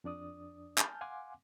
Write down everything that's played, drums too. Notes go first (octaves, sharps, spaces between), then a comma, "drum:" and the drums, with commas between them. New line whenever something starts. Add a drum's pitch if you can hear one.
F2 D4 D5 D#6
G#5 A5 F6 G6, drum: clap
F5 F#5 G#5 C6 D6